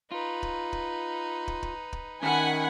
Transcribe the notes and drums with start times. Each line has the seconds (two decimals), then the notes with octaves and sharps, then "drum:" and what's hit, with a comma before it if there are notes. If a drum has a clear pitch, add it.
0.11 D#4 F4 B4
0.43 drum: kick
0.73 drum: kick
1.48 drum: kick
1.63 drum: kick
1.93 drum: kick
2.23 D#3 C#4 E5 F#5 G#5 A5 B5